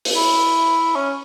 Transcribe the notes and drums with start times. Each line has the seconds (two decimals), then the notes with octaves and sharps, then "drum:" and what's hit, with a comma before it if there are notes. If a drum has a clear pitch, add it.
0.05 drum: open hi-hat
0.17 E4
0.96 C#4